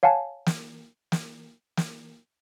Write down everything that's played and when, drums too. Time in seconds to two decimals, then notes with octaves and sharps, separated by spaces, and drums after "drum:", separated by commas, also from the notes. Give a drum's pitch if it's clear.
0.03 C#5 F5 F#5 G#5 A5
0.46 drum: snare
1.12 drum: snare
1.77 drum: snare